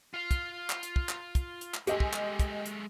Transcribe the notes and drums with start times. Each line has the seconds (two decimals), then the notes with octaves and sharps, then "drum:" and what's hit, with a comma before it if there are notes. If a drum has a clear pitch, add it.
0.14 F4 F5
0.31 drum: kick, hi-hat
0.70 drum: clap
0.83 drum: hi-hat
0.96 drum: kick
1.09 drum: clap
1.35 drum: kick, hi-hat
1.61 drum: hi-hat
1.74 drum: clap
1.87 G#3 A3 G4 D#5 G#5, drum: hi-hat
2.00 drum: kick
2.13 drum: clap
2.39 drum: kick, hi-hat
2.66 drum: hi-hat